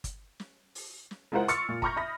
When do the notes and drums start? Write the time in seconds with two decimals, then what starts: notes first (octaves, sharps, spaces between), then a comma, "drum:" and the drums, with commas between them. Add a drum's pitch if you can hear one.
0.04 drum: kick G1, hi-hat
0.40 drum: snare
0.75 drum: open hi-hat
1.11 drum: snare
1.32 G#3 E4 F4 A#4 C5 F#5
1.48 C6 C#6 E6 F6 A6 C#7, drum: hi-hat
1.69 A#2
1.82 A#5 B5 C#6 F6 G6 A#6, drum: kick G1
1.96 E5 B5 D#6 A#6